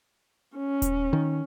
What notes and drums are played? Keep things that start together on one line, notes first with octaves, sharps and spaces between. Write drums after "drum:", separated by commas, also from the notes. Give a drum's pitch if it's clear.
C#4
drum: kick D#1, hi-hat
D#3